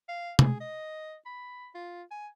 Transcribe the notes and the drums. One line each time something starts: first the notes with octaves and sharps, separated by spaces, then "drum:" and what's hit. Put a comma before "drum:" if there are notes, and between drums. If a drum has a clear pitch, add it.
F5
G#4, drum: tom C3
D#5
B5
F4
G#5